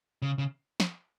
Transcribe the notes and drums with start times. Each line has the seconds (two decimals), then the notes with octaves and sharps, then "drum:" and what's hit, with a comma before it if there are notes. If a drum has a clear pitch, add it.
0.22 C#3
0.38 C#3
0.80 drum: snare